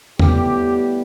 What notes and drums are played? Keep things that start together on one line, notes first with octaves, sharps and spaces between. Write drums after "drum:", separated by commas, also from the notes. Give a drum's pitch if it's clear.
A2 G3 B3 G4, drum: tom E2